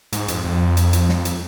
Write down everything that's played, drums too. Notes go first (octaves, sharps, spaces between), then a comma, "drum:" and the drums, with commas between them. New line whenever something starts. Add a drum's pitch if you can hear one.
G#2, drum: hi-hat
F2, drum: hi-hat
F2
drum: hi-hat
drum: hi-hat
drum: snare
drum: hi-hat